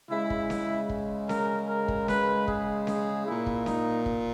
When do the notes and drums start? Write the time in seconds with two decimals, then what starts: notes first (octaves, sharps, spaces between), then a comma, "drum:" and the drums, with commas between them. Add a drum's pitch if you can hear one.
0.10 C#3 G#3 E4
0.30 drum: kick
0.50 drum: snare C#4
0.89 drum: kick
1.29 A#4, drum: snare C#4
1.69 A#4
1.88 drum: kick
2.08 B4, drum: snare C#4
2.48 G#4, drum: kick
2.87 G#4, drum: snare C#4
3.27 A#2 A#3 E4
3.46 drum: kick
3.66 D#4, drum: snare C#4
4.06 drum: kick